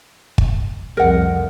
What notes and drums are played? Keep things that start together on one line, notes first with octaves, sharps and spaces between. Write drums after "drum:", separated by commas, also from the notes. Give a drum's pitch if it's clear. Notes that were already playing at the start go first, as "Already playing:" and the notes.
drum: kick
C2 F2 A#4 F#5